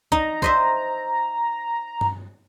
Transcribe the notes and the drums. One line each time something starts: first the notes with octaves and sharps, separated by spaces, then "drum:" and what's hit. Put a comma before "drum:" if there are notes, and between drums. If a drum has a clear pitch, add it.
D#4 A#5, drum: kick
C5 D#5 E5, drum: kick
drum: tom G2